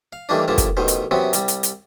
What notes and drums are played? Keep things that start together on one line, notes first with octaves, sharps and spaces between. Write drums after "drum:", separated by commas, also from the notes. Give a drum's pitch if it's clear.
F5
D#3 E3 G3 A3 A#3 D4
E2 G2 D3 F3 A#3 A5
drum: kick, hi-hat
A1 B2 D#3 C5
drum: hi-hat
F#2 C3 F#3 B3 C4
C2 G3, drum: hi-hat
drum: hi-hat
drum: hi-hat